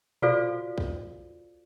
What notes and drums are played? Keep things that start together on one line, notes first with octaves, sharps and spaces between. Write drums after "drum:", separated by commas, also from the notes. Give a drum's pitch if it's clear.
F4 F#4 A4 C5 D5 F5, drum: tom A#2
drum: kick